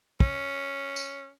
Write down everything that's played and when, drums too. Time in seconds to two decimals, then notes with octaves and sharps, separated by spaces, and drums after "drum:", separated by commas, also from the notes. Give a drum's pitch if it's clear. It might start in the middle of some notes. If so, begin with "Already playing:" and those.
0.20 C#4, drum: kick
0.96 drum: tambourine